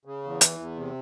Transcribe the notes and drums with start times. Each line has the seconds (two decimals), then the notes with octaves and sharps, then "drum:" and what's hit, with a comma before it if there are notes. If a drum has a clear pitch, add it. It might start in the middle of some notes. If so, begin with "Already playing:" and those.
0.05 C#3
0.24 E2
0.41 E3, drum: hi-hat
0.60 E2
0.77 C3